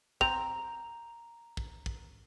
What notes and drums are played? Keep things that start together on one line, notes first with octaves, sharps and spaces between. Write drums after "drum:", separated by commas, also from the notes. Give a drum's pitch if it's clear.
C4 A#5 F7, drum: kick
drum: kick
drum: kick